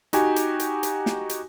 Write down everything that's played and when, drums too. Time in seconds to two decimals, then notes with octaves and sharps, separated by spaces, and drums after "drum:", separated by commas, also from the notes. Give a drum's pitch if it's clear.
0.13 D#4 F#4 G4 G#5, drum: hi-hat
0.36 drum: hi-hat
0.60 drum: hi-hat
0.83 drum: hi-hat
1.06 drum: snare
1.29 drum: hi-hat